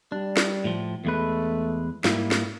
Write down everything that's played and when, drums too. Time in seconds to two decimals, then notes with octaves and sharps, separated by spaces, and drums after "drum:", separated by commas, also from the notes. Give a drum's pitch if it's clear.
0.12 G3 D4
0.37 drum: snare
0.64 A2 F3
1.05 E2 G#3 A3 B4
2.04 G#2 G3 A#3 E4, drum: snare
2.31 drum: snare